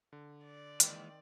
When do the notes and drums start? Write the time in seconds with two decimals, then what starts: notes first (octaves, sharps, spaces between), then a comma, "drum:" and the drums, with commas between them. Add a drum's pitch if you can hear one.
0.13 D3
0.45 D5
0.80 D#3 E3 G#3 A#3 C4, drum: hi-hat